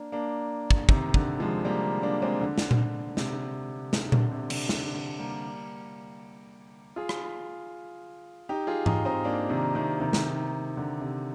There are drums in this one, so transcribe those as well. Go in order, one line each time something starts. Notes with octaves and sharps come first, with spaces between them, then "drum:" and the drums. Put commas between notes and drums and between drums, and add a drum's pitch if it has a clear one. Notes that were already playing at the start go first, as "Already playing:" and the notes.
Already playing: A#3 D4
A#3 D4
drum: kick
C3 D#3, drum: kick
D3, drum: kick
F3 G#3
G3 A#3
A#3 D4
G#3 C4
D3
drum: snare
drum: tom A#2
C3, drum: snare
C3, drum: snare
D3, drum: tom A#2
C3
D3, drum: cymbal
D3, drum: snare
D3
G3 A#3
F4 G#4
drum: rim click
D#4 G4
F4 G#4
D#4 G4, drum: tom G#2
C4 D#4
A#3 D4
C3 D#3
C3 D#3
C3 D#3
drum: snare
D3
C3